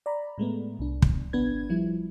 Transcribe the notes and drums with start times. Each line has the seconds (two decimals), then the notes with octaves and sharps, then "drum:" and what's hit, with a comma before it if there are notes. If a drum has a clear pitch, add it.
0.06 D5 A#5 B5
0.38 A2 G#3 A3 B3
0.79 C2 D4
1.02 drum: kick
1.33 G#1 B3 D4 B4 G#6
1.70 F3 G3 E4